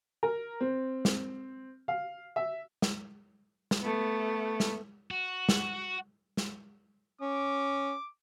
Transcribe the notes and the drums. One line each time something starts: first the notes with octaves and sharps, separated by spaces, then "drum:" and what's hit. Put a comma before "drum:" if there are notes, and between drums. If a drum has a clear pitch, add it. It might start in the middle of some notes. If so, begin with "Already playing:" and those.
A#4
C4
drum: snare
F5
E5
drum: snare
drum: snare
A3 B3
drum: snare
F#4
drum: snare
drum: snare
C#4 D6